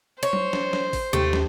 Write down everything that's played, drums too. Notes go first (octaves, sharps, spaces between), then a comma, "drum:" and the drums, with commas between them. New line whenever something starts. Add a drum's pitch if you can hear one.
C5 C#5
drum: tom F#3
drum: snare
drum: snare
drum: kick G#1, open hi-hat
D#2 A3 G4, drum: tom
drum: snare